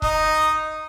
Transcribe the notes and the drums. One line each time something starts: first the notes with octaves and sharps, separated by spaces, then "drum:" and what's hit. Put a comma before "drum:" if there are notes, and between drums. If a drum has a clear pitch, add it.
D#4 D#5, drum: kick F1